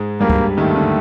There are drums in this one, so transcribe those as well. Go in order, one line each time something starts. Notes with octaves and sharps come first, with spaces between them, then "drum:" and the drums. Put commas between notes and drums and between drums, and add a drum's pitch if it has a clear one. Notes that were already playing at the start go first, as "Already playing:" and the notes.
Already playing: G#2 G#3
G2 G3 A#3
drum: kick C#2
D#2 D#3 A3
D3